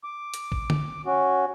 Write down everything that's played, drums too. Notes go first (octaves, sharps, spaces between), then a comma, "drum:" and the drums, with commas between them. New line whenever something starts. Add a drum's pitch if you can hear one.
D6
drum: hi-hat
drum: kick
drum: tom
C#4 F#4